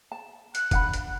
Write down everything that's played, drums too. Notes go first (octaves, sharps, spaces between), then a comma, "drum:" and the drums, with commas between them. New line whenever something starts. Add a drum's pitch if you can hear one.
A5
F#6, drum: hi-hat
D4 F#5 B5, drum: kick F1, hi-hat
drum: hi-hat